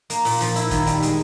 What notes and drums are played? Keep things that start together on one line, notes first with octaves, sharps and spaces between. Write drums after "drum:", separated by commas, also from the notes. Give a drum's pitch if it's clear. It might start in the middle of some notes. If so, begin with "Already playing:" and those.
A#3, drum: hi-hat
A#2, drum: open hi-hat
F3, drum: hi-hat
E4, drum: hi-hat
D#3, drum: kick, hi-hat
G3, drum: hi-hat
G#3, drum: hi-hat